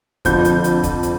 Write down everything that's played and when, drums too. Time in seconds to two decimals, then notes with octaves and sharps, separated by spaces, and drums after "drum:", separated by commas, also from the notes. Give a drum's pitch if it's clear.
0.25 F2 D3 F3 G6, drum: kick F#1, hi-hat
0.45 drum: hi-hat
0.64 drum: hi-hat
0.83 drum: kick F#1, hi-hat
1.03 drum: hi-hat